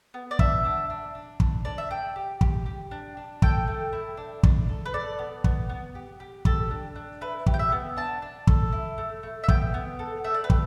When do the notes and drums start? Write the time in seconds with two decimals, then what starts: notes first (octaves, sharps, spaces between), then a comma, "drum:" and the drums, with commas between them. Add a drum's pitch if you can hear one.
0.14 B3
0.31 D5
0.39 D4 E5, drum: kick
0.65 D4
0.90 D4
1.15 D4
1.40 D4, drum: kick
1.65 D4 D5
1.78 E5
1.91 D4 G5
2.16 G4
2.41 G4, drum: kick
2.66 G4
2.91 D4
3.17 D4
3.42 A4 G5, drum: kick
3.67 A3
3.92 E4
4.17 D4
4.43 D4, drum: kick
4.69 A4
4.86 B4
4.93 A4 D5
5.19 B3
5.44 B3, drum: kick
5.69 B3
5.95 G4
6.20 G4
6.45 G4 A4, drum: kick
6.70 D4
6.96 D4
7.21 E4 B4
7.46 G4, drum: kick
7.54 G5
7.59 E5
7.72 B3
7.96 D4 A5
8.22 D4
8.47 A4, drum: kick
8.72 E4
8.98 A3
9.23 A3
9.43 E5
9.48 B3 G5, drum: kick
9.74 B3
9.99 A4
10.24 A3 E5
10.34 D5
10.44 B4
10.50 G4, drum: kick